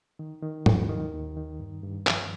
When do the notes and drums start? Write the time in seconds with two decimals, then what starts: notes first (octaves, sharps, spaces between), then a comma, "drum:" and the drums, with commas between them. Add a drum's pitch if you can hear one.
0.19 D#3
0.42 D#3
0.66 D#2, drum: tom
0.90 D#3
1.13 D#2
1.37 D#3
1.60 G2
1.83 G2
2.07 F3, drum: clap